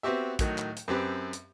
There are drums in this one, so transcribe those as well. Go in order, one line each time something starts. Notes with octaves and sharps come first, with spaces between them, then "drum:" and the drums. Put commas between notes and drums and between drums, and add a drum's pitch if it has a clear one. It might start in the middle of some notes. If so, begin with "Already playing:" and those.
B3 C4 F#4 G4 E5
A2 D#3 F#3, drum: kick, hi-hat
drum: clap
drum: hi-hat
F#2 C4 G4 B4
drum: hi-hat